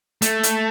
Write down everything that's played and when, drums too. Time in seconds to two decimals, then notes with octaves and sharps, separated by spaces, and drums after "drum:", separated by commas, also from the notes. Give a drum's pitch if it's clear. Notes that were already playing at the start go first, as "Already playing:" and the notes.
0.22 A3, drum: hi-hat
0.43 drum: hi-hat